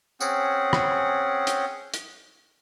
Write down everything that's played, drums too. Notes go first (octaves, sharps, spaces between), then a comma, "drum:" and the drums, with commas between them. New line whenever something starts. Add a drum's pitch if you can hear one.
C4 C#4 G#4 F#5, drum: tambourine
drum: rim click
drum: hi-hat
drum: hi-hat